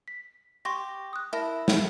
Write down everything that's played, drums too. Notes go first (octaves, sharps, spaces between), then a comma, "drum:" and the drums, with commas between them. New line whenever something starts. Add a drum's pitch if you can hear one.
B6
G4 C6 C#6 A#6
D#6 F#6
E4 A#4 A5 A#6
drum: snare